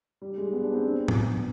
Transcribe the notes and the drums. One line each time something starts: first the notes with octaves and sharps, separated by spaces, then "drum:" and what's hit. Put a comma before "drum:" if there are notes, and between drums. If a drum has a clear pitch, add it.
G3
G#3
B3
D4
C4
B3
drum: tom A2